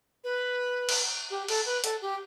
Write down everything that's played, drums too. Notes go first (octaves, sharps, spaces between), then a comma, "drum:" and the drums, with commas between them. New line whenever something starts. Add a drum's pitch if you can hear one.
B4
drum: cymbal
G4
A4, drum: cymbal
B4
A4, drum: hi-hat
G4